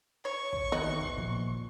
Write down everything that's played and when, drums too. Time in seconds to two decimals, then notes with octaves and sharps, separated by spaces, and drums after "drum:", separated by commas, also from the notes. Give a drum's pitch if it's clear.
0.25 C#5 C#6
0.53 drum: kick
0.72 C3 D#3 B3 F#4 D#5
1.01 drum: kick
1.17 A#2 F3